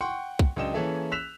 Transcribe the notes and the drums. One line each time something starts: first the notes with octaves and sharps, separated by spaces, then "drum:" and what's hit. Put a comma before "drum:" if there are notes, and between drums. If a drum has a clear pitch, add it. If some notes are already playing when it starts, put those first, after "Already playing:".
F#5 G5 C6 C#6
drum: kick
C#2 F#3 D4 D#5 G5 E7
E3 A#3 C#4 G#4 A4 E5
E6 F#6 B6 E7 F7